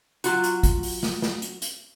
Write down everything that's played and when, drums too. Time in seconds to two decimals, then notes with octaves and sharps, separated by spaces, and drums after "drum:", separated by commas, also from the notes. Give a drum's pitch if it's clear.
0.24 F#3 F4 F#4, drum: hi-hat
0.44 drum: hi-hat
0.63 drum: kick, hi-hat
0.83 drum: open hi-hat
1.03 drum: snare
1.22 drum: snare
1.42 drum: hi-hat
1.62 drum: hi-hat